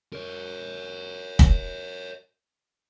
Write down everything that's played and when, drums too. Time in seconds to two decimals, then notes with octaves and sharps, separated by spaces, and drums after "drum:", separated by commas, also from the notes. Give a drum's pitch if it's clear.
0.13 A#4 C#5
1.39 drum: kick